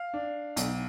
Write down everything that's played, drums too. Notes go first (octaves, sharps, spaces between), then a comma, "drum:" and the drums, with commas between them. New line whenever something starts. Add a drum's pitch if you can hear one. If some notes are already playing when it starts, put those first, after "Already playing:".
Already playing: F5
D4
B1, drum: hi-hat